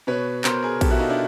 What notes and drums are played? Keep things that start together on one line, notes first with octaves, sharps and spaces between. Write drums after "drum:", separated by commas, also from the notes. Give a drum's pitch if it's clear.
B2 B4 C#5
B2 A#4 C5, drum: clap
G#4 A#4
B2 G4 A4, drum: kick A#1, cymbal
E4 F#4
D#4 F4
D4 E4